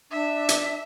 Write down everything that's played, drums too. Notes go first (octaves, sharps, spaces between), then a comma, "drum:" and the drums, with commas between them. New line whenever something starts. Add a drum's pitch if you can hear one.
D4 E5
drum: hi-hat